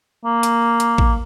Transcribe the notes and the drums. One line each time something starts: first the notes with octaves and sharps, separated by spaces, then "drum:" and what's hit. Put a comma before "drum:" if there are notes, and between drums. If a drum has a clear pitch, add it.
A#3
drum: hi-hat
drum: hi-hat
drum: kick A1